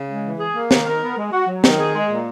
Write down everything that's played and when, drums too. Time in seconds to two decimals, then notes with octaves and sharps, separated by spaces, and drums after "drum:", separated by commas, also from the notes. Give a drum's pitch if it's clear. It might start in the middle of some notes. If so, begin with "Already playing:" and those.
Already playing: C#3
0.09 G#3
0.24 E3
0.39 G#4
0.54 A#3
0.71 D#3, drum: snare
0.86 A#4
1.02 B3
1.17 G#3
1.32 F#4
1.48 F#3
1.64 D#3, drum: snare
1.78 G#4
1.94 G#3
2.09 A#2